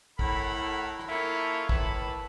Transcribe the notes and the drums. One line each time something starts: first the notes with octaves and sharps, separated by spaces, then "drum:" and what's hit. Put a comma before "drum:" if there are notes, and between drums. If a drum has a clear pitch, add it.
A2 E4 A4 A#4 F#5 B5, drum: kick
drum: rim click
A#3 C#4 E4 F4 A4
A2 E3 E5 A5 B5, drum: kick